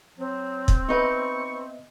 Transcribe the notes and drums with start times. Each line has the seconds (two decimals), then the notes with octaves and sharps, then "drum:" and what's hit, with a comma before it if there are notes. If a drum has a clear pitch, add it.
0.18 F#3 C4
0.68 drum: kick
0.89 B3 D#4 B4 D#5 E5 C#6